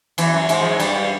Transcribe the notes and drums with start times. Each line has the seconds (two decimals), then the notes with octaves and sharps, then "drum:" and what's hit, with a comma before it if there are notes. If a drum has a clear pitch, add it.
0.18 E2 E3, drum: cymbal
0.33 F#2 F#3
0.49 G#2 G#3, drum: cymbal
0.61 F3
0.70 F#3
0.79 G2 G3, drum: cymbal